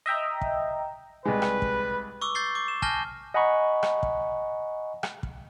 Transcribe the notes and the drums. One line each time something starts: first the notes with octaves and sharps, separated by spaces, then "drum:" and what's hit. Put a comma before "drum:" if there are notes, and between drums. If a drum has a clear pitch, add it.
D#5 E5 G5 A#5
drum: kick
C2 G#3 B4
drum: rim click
drum: kick
C#6 D6 E6
G6 A6 C7 G7
D6
E7
G#5 A5 F6 G6 A#6 G7, drum: kick
D#5 F#5 G#5 A#5 B5 C#6
drum: rim click
drum: kick
drum: rim click
drum: kick